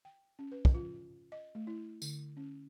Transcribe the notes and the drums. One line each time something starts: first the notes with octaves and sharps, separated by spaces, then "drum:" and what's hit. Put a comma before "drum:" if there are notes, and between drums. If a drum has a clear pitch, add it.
G5
C#4
B4
drum: kick
F4
D#5
A3
E4
D3, drum: tambourine
C#4